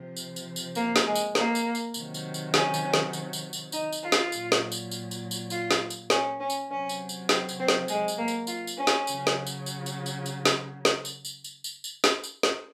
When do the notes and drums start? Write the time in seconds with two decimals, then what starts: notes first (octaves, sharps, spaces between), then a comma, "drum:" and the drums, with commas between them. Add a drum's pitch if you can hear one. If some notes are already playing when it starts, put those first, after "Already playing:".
Already playing: C3 F3
0.16 drum: tambourine
0.36 drum: tambourine
0.56 drum: tambourine
0.75 A#3, drum: tambourine
0.96 drum: snare
1.06 G#3
1.15 drum: tambourine
1.35 A#3, drum: snare
1.55 drum: tambourine
1.75 drum: tambourine
1.94 C3 D#3 F#3, drum: tambourine
2.14 drum: tambourine
2.34 drum: tambourine
2.54 C#4, drum: snare
2.74 drum: tambourine
2.94 drum: snare
3.13 drum: tambourine
3.33 drum: tambourine
3.53 drum: tambourine
3.72 D#4, drum: tambourine
3.92 drum: tambourine
4.03 F4
4.12 drum: snare
4.32 A#2 F#3, drum: tambourine
4.52 drum: snare
4.72 drum: tambourine
4.91 drum: tambourine
5.11 drum: tambourine
5.31 drum: tambourine
5.50 F4, drum: tambourine
5.71 drum: snare
5.90 drum: tambourine
6.10 C#4, drum: snare
6.39 C#4
6.50 drum: tambourine
6.70 C3 F#3 C#4
6.89 drum: tambourine
7.09 drum: tambourine
7.29 C4, drum: snare
7.49 drum: tambourine
7.59 C4
7.68 drum: snare
7.88 G#3, drum: tambourine
8.08 drum: tambourine
8.17 A#3
8.28 drum: tambourine
8.47 F4, drum: tambourine
8.67 drum: tambourine
8.77 C#4
8.87 drum: snare
9.07 C#3 F#3, drum: tambourine
9.27 drum: snare
9.47 drum: tambourine
9.66 drum: tambourine
9.86 drum: tambourine
10.06 drum: tambourine
10.26 drum: tambourine
10.45 drum: snare
10.85 drum: snare
11.05 drum: tambourine
11.25 drum: tambourine
11.44 drum: tambourine
11.64 drum: tambourine
11.84 drum: tambourine
12.04 drum: snare
12.24 drum: tambourine
12.43 drum: snare